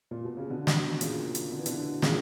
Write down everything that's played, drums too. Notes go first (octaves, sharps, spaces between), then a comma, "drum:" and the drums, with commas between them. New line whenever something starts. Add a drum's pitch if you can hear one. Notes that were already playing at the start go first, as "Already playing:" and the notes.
A#2
B2
C#3
B2 D3
drum: snare
A#2 C#3, drum: hi-hat
drum: hi-hat
D3
E3
B2 D3, drum: hi-hat
A#2 C#3, drum: snare